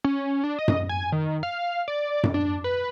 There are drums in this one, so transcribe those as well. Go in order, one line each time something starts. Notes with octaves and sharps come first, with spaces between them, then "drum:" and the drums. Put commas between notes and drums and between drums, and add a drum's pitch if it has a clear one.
C#4
D4
D#5
drum: tom F#2
G#5
D#3
F5
D5
drum: tom F#2
D4
B4